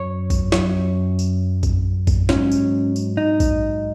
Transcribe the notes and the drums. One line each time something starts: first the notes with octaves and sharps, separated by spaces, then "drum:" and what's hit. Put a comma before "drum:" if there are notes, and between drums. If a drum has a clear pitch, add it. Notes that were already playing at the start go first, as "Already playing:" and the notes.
Already playing: F#2 F#3 C#5
drum: kick A#1, tambourine
F#2 F#3 C#5, drum: snare
drum: tambourine
drum: kick A#1, tambourine
drum: kick A#1, tambourine
G#2 F#3 C#4, drum: snare
drum: tambourine
drum: tambourine
D#4
drum: kick A#1, tambourine